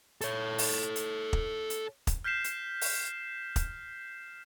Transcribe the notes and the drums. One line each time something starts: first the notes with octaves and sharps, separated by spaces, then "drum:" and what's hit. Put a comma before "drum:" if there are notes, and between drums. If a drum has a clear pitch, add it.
A4 C#5, drum: hi-hat
drum: open hi-hat
drum: hi-hat
drum: kick
drum: hi-hat
drum: kick, hi-hat
F6 G6 B6 C7 E7
drum: hi-hat
drum: open hi-hat
drum: kick, hi-hat